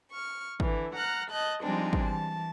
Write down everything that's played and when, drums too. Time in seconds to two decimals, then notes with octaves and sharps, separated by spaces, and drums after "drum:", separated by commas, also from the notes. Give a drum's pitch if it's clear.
0.13 C#6 F6
0.60 D3 E3, drum: kick
0.95 F#5 A#5 F6 F#6
1.30 D#5 A5 F#6 G6
1.62 F3 G3 G#3 C4 D4 D#4
1.93 drum: kick
2.05 E3 A5